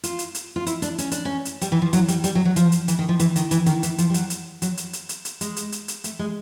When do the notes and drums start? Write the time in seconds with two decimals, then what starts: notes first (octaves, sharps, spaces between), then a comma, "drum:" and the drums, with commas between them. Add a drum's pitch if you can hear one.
0.04 F4, drum: hi-hat
0.19 drum: hi-hat
0.35 drum: hi-hat
0.56 F4
0.67 E4, drum: hi-hat
0.82 D4, drum: hi-hat
0.98 C#4, drum: hi-hat
1.11 D4, drum: hi-hat
1.25 C#4
1.45 drum: hi-hat
1.61 G3, drum: hi-hat
1.72 E3
1.82 F3
1.93 F#3, drum: hi-hat
2.08 G3, drum: hi-hat
2.24 G3, drum: hi-hat
2.35 F#3
2.45 F#3
2.56 F3, drum: hi-hat
2.72 drum: hi-hat
2.88 E3, drum: hi-hat
2.99 D#3
3.09 F3
3.19 E3, drum: hi-hat
3.36 D#3, drum: hi-hat
3.51 E3, drum: hi-hat
3.66 D#3, drum: hi-hat
3.83 E3, drum: hi-hat
3.98 F3, drum: hi-hat
4.10 G3
4.14 F#3, drum: hi-hat
4.30 drum: hi-hat
4.62 F#3, drum: hi-hat
4.77 drum: hi-hat
4.93 drum: hi-hat
5.09 drum: hi-hat
5.25 drum: hi-hat
5.41 G#3, drum: hi-hat
5.56 drum: hi-hat
5.72 drum: hi-hat
5.88 drum: hi-hat
6.04 A3, drum: hi-hat
6.19 G#3